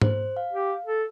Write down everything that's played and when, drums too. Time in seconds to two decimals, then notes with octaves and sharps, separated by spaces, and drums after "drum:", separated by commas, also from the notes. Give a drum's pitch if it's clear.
0.02 C5, drum: tom
0.37 F5
0.53 G4
0.85 A4